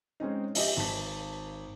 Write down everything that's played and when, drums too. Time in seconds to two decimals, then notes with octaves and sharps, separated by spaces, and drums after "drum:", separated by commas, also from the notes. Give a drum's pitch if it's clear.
0.20 G#3 C4 C#4 D#4
0.55 G4 D#5 E5, drum: open hi-hat
0.77 G#1 A5 B6